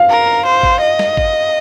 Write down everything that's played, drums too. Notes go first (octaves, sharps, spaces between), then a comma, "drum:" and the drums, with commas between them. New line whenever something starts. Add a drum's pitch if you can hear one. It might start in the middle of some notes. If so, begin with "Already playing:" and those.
Already playing: F5
A#4
C5
drum: kick G#1
D#5
drum: snare
drum: kick G#1